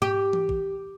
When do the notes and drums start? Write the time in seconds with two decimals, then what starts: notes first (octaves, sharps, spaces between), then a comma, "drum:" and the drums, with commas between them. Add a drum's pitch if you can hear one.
0.02 G4, drum: tom G#2
0.33 drum: tom E3
0.49 drum: kick A1